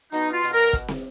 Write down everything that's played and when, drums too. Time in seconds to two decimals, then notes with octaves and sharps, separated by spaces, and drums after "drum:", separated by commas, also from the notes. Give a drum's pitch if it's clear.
0.12 B2 D#4, drum: hi-hat
0.32 F4
0.43 B2, drum: hi-hat
0.53 A#4
0.73 drum: kick, hi-hat
0.88 drum: snare